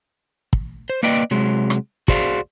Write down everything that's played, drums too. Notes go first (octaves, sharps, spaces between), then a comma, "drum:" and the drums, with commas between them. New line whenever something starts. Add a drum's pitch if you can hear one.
drum: kick
C5
A#3 B4 D5 D#5 G5
C3 F#3 G#3
drum: rim click
F#4 G#4 C5 D5 F5, drum: kick